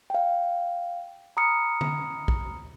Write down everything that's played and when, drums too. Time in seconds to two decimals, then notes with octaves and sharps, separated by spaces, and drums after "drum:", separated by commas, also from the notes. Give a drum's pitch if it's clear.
0.10 F5 G5
1.37 A#5 B5 D#6 F6 C#7
1.81 drum: tom D3
2.28 drum: kick A#1